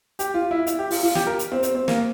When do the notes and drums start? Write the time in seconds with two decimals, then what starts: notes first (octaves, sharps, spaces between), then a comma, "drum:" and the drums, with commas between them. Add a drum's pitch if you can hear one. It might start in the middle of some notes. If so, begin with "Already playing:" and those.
0.19 G4, drum: hi-hat
0.34 F4
0.51 E4
0.67 E4, drum: hi-hat
0.79 G4
0.91 F4, drum: open hi-hat
1.03 F4
1.15 G4, drum: snare
1.27 A#4
1.39 drum: hi-hat
1.52 C4
1.63 C4, drum: hi-hat
1.75 C4
1.88 A#3, drum: snare